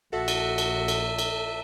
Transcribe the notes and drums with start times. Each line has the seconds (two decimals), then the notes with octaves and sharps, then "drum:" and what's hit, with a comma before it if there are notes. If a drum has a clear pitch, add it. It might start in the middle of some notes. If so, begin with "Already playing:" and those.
0.13 A#1 F#4 A4 E5
0.28 drum: cymbal
0.58 drum: cymbal
0.88 drum: cymbal
1.19 drum: cymbal